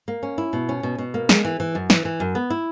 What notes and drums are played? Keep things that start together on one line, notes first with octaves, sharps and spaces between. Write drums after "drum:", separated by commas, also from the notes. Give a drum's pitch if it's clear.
A#3
C#4
E4
B2
C#4
B2
B2
A#3
G#3, drum: snare
E3
E3
F#2
E3, drum: snare
E3
F#2
B3
E4